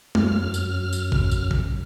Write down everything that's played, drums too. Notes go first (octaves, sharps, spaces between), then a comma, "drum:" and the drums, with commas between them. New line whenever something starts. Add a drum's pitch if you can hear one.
F#2 F6, drum: tom G#3
drum: tambourine
drum: tambourine
drum: kick G#1
drum: tambourine
drum: kick G#1